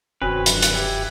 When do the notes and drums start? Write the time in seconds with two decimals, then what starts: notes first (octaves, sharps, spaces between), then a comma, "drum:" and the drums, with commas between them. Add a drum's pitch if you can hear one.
0.22 F1 G2 D#3 C4 C#4 F#4 B4
0.46 F#2 D3 F3, drum: hi-hat
0.63 drum: hi-hat
0.74 G4 E5 G#5